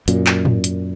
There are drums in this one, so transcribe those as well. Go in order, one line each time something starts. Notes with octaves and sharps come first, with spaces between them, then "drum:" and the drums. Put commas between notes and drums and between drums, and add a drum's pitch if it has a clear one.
F#2 A#2, drum: hi-hat
drum: clap
drum: tom
drum: hi-hat